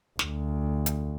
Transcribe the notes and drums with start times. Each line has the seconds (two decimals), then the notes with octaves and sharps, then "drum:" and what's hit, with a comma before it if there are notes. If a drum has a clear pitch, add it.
0.19 D2, drum: snare
0.86 drum: hi-hat